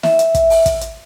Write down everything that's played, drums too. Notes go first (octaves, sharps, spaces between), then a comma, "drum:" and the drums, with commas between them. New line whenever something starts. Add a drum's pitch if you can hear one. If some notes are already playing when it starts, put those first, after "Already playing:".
E5, drum: snare
drum: hi-hat
drum: kick, hi-hat
drum: open hi-hat
drum: kick, hi-hat
drum: hi-hat